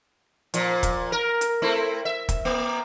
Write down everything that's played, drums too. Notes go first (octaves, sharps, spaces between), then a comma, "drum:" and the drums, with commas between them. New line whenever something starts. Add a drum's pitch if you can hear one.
A#2 F3, drum: hi-hat
drum: kick, hi-hat
A#4
drum: hi-hat
A3 C4 E4
E5
drum: kick, hi-hat
A#3